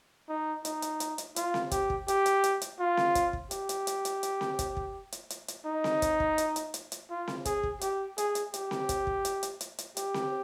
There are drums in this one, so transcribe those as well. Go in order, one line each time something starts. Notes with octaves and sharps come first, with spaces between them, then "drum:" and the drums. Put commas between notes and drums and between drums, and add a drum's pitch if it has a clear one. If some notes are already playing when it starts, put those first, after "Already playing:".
D#4
D#4, drum: hi-hat
drum: hi-hat
drum: hi-hat
drum: hi-hat
F4, drum: hi-hat
drum: snare C4
G4, drum: kick, hi-hat
drum: kick
G4, drum: hi-hat
drum: hi-hat
drum: hi-hat
drum: hi-hat
F4
drum: snare C4
drum: kick, hi-hat
drum: kick
G4, drum: hi-hat
drum: hi-hat
drum: hi-hat
drum: hi-hat
drum: hi-hat
drum: snare C4
drum: kick, hi-hat
drum: kick
drum: hi-hat
drum: hi-hat
drum: hi-hat
D#4
drum: snare C4
drum: kick, hi-hat
drum: kick
drum: hi-hat
drum: hi-hat
drum: hi-hat
drum: hi-hat
F4
drum: snare C4
G#4, drum: kick, hi-hat
drum: kick
G4, drum: hi-hat
G#4, drum: hi-hat
drum: hi-hat
G4, drum: hi-hat
drum: snare C4
drum: kick, hi-hat
drum: kick
drum: hi-hat
drum: hi-hat
drum: hi-hat
drum: hi-hat
G4, drum: hi-hat
drum: snare C4